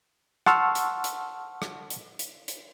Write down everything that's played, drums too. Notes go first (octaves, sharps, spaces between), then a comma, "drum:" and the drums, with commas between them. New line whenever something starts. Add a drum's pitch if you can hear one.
F#5 A5 C6 C#6 E6 F6, drum: rim click
drum: hi-hat
drum: hi-hat
drum: rim click
drum: hi-hat
drum: hi-hat
drum: hi-hat